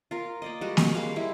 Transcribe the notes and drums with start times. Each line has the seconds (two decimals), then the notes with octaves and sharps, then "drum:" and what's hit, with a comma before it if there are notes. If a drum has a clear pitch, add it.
0.11 F4 A#4
0.42 A#3 D5 D#5
0.61 G3 G#3 F#4
0.77 drum: snare A#3
0.95 G3 G#3 A#3 F5
1.16 G3 G#3 E4